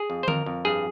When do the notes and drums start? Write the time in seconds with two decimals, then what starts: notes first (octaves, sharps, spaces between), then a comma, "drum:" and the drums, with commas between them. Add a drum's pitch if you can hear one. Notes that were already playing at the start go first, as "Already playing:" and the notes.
Already playing: G#4
0.10 F2
0.23 C5
0.28 F2 A#4, drum: tom D3
0.46 F2
0.65 G2 G#4